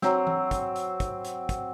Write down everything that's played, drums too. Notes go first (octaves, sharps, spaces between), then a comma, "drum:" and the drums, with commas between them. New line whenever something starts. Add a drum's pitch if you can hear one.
F#3 C4, drum: snare
drum: tom E3
drum: kick, hi-hat
drum: hi-hat
drum: kick, hi-hat
drum: hi-hat
drum: kick, hi-hat